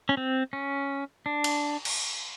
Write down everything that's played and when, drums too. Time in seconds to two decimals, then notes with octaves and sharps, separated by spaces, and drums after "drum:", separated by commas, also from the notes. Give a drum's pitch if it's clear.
0.09 C#4
0.17 C4
0.53 C#4
1.26 D4
1.44 drum: cymbal
1.85 drum: cymbal